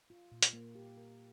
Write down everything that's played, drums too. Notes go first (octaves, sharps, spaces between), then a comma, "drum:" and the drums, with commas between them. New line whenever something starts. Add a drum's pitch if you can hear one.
F4
A#2
drum: hi-hat
A#3
G4
A#4